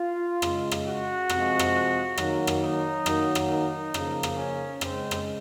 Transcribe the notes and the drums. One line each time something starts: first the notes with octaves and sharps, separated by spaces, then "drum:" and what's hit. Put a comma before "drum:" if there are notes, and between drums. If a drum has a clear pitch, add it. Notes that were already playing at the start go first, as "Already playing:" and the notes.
Already playing: F4
C#3 G#3, drum: rim click
drum: rim click
F#4
C3 F3 G#3, drum: rim click
drum: rim click
D#3 F#3 A#3, drum: rim click
drum: rim click
D#4
D#3 F#3 A#3, drum: rim click
drum: rim click
D#4
C#3 F3 A#3, drum: rim click
drum: rim click
C#4
C#3 G#3 C4, drum: rim click
drum: rim click